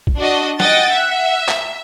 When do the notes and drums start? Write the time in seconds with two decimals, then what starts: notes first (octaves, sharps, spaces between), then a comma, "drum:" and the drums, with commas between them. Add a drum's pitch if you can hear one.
0.07 drum: kick
0.18 D4 F#4 D#5
0.60 D#5 F#5 G5 A6, drum: snare
0.93 E5
1.48 drum: clap